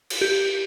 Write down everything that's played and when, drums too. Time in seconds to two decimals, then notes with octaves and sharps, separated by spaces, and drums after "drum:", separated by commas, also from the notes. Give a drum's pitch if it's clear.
0.10 drum: cymbal
0.21 G4